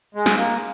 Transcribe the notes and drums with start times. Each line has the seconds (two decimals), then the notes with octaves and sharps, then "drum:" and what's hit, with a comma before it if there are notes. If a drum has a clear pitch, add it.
0.15 G#3
0.26 drum: snare
0.37 A#3